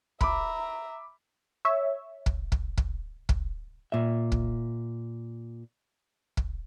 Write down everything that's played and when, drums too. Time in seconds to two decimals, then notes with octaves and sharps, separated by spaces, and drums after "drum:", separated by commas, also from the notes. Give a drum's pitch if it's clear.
0.21 E5 A#5 B5 D6, drum: kick
1.65 C#5 E5
2.26 drum: kick
2.52 drum: kick
2.77 drum: kick
3.29 drum: kick
3.92 A#2 E5
4.32 drum: kick
6.37 drum: kick